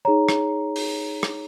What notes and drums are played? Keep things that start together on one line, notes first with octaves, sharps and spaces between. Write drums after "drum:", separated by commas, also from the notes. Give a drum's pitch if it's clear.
D#4 G#4 C#5 A#5
drum: rim click
drum: open hi-hat
drum: rim click